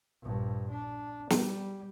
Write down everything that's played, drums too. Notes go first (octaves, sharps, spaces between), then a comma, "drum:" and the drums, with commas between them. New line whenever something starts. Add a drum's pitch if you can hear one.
A#1 G2
D4
G3, drum: snare